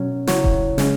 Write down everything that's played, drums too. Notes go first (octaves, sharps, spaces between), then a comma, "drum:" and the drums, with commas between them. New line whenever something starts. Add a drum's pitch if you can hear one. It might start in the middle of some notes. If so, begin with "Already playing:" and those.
Already playing: B2 F#3 C#4 C#5
C#3 F#3 E4 C#5, drum: snare
drum: kick D#1
C#3 G#3 C#4, drum: snare